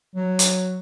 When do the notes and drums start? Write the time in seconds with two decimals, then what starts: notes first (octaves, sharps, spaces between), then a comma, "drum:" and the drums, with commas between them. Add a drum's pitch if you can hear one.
0.16 F#3
0.39 drum: hi-hat